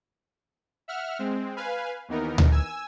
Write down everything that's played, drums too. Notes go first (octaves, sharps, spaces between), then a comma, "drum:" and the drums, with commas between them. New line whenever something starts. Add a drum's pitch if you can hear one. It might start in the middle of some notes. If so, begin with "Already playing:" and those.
E5 F#5 F6
G#3 C4
B4 F5 G#5
D#2 E3 B3 D#4 A#4
drum: tom D2
G#5 E6